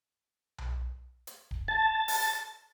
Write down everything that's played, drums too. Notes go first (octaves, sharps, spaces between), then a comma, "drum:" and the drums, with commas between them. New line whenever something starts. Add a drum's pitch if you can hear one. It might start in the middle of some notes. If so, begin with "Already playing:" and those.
drum: tom B1
drum: hi-hat
drum: kick D1
A5
drum: open hi-hat